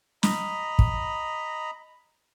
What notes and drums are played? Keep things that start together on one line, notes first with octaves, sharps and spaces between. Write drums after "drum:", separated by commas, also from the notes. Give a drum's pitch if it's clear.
D#5 A#5 B5, drum: snare
drum: kick